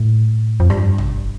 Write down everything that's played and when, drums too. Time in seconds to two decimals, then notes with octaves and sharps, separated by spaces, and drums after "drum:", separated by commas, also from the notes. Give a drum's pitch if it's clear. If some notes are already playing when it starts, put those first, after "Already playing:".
Already playing: A2
0.60 F2
0.70 G2, drum: rim click
0.98 drum: tom